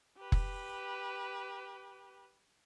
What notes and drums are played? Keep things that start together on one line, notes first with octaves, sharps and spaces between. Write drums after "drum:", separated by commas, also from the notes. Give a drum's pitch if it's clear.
G4 B4
drum: kick F1